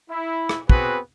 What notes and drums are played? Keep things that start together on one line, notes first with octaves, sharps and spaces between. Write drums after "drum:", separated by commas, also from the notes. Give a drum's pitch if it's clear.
E4
drum: rim click
B3 C4 F#4 G#4 B4, drum: kick